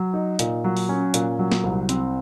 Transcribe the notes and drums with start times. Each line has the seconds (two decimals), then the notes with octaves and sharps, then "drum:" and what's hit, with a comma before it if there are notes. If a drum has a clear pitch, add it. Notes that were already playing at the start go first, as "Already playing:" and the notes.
Already playing: F#3
0.14 D#4
0.39 A#2, drum: hi-hat
0.64 F#3
0.77 drum: open hi-hat
0.89 C#4
1.14 A#2, drum: hi-hat
1.39 F#3
1.52 drum: snare
1.64 C2
1.89 C4, drum: hi-hat